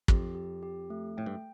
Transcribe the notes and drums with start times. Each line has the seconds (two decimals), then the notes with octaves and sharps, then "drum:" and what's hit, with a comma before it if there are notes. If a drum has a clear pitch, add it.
0.08 F2 G4, drum: kick
0.35 G4
0.63 G4
0.90 A3
1.17 A2 G5
1.26 G2